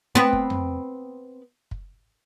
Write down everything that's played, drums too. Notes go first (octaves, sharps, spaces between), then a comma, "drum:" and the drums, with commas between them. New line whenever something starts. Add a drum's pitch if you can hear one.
B3 C4
drum: kick
drum: tom F2
drum: kick